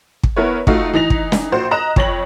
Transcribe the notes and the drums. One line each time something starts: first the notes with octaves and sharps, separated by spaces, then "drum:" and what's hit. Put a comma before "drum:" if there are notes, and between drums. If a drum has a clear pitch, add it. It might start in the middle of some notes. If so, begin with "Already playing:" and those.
drum: kick
B3 E4 A#4 B4 C#5
A3 D#4 F4 F#4, drum: kick
E3 D#4 A#6 F7
drum: kick
drum: snare
A#1 F#4 C5
D#5 A#5 F#6 E7
F2 C#5 A#6 F#7, drum: kick